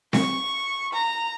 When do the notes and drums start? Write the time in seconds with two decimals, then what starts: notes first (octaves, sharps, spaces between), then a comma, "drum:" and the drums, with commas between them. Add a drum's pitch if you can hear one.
0.13 C#6, drum: snare C4
0.93 A#5